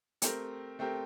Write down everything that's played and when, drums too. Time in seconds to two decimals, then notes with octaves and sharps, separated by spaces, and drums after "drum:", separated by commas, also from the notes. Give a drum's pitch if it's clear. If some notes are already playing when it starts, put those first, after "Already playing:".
0.22 A3 C4 G4 A#4, drum: hi-hat
0.79 A3 C4 G4 A#4